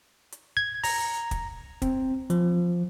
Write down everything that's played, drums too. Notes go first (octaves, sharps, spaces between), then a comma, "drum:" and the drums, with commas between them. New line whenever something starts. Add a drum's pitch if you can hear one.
drum: hi-hat
G#6
A#5, drum: open hi-hat
drum: kick, hi-hat
C4, drum: kick, hi-hat
F3, drum: hi-hat